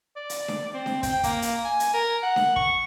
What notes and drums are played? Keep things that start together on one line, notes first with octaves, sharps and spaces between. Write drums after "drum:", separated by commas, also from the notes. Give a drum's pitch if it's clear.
D5
drum: hi-hat
drum: snare D4
C4
drum: snare D4
G5, drum: kick, hi-hat
A#3, drum: kick, hi-hat
drum: hi-hat
G#5
drum: hi-hat
A#4
F#5
drum: snare D4
C#6, drum: kick